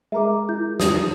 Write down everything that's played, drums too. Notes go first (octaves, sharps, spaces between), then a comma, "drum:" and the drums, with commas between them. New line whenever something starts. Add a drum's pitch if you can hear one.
G#3 A#4 E5 A#5 D6
E4 G6
D#6, drum: snare